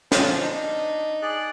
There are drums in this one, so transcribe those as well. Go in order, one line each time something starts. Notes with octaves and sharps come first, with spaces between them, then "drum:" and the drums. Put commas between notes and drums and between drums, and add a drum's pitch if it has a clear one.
F3 D4, drum: snare
D#4
G#4 D5 F#6